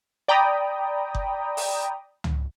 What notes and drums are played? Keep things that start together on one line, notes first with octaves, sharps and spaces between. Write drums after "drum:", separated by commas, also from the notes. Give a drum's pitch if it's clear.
D5 G5 A#5 B5 D#6
drum: kick F#1
drum: open hi-hat
drum: tom